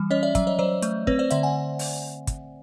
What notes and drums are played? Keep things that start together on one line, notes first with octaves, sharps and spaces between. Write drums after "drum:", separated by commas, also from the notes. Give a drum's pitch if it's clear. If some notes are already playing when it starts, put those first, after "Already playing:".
Already playing: E3 G3
C#4 C#5 D#5
D5 E5
F#3 D5 E5, drum: kick, hi-hat
C#5 D#5
F#3 C5 D5
A3, drum: hi-hat
C4 B4 C#5, drum: kick
C5 D5
D3 D5 E5, drum: hi-hat
F#5 G#5
drum: open hi-hat
drum: kick, hi-hat